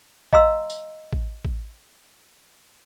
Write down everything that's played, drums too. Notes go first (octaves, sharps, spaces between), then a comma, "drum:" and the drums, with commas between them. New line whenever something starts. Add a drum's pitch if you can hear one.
D#5 F5 A#5 C6 E6, drum: kick A1
drum: tambourine
drum: kick A1
drum: kick A1